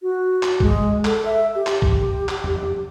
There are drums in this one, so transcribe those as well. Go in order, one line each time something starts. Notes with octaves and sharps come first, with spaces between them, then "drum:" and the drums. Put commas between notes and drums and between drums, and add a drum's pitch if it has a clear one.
F#4
drum: clap
G#3, drum: kick
A4, drum: clap
E5
G4
drum: clap
drum: kick
drum: clap
drum: tom